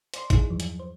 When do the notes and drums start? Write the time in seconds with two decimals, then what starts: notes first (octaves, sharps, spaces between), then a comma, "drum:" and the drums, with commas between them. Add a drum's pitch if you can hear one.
0.14 C5 D5 C6, drum: hi-hat
0.30 D#4 E4 G#4, drum: kick, hi-hat
0.50 E2 G2 F3 F#3
0.60 drum: hi-hat
0.80 C5